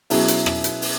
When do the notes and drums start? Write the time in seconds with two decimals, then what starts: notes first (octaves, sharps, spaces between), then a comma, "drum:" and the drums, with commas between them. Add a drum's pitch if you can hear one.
0.10 B2 F#3 C#4 E4 G#4, drum: open hi-hat
0.28 drum: hi-hat
0.46 drum: rim click
0.64 drum: hi-hat
0.82 drum: open hi-hat